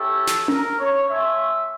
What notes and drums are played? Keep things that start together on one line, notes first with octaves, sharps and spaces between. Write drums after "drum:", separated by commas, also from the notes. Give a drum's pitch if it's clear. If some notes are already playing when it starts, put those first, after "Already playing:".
Already playing: C#4 E4 G4 A4
drum: snare
A#4, drum: tom C#4
C#5
A3 C#4 F4 E5